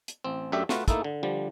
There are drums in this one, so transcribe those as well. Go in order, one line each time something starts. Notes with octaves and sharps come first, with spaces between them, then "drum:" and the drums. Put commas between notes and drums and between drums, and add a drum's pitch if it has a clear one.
drum: hi-hat
A1 C4
F#2 A3 D4 G4 E5 G5
A3 F4 F#4 B4, drum: snare
A3 A#3 D#4 E4 A4, drum: kick, hi-hat
D3
D3 F3 G3